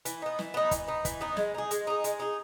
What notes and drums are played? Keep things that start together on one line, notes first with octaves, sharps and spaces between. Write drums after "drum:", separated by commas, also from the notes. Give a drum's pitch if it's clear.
E3, drum: hi-hat
B3 D#4
E3, drum: snare
B3 D#4
E3, drum: kick, hi-hat
B3 D#4
E3, drum: kick, hi-hat
B3 D#4
G#3, drum: snare
D#4 G#4
G#3, drum: hi-hat
D#4 G#4
G#3, drum: hi-hat
D#4 G#4